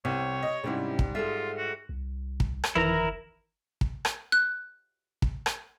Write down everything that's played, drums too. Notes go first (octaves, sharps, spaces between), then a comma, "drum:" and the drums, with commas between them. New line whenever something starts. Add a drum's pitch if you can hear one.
C2 C3 C#5
D#5
G#2 C3 G3 C#4 E4
drum: kick
F4 G#4 A4 E5
F#4
C2
drum: kick
drum: rim click
G1 F2 D#3 E3 E4 A#4 A#5
drum: kick
drum: rim click
F#6
drum: kick
drum: rim click